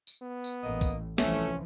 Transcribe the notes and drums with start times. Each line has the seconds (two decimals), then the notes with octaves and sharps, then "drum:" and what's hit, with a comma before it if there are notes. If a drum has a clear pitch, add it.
0.07 drum: tambourine
0.22 B3
0.44 drum: tambourine
0.64 A1 A2 A#3 D#5
0.81 drum: kick, tambourine
1.18 C2 E3 F3 A3 C#4, drum: snare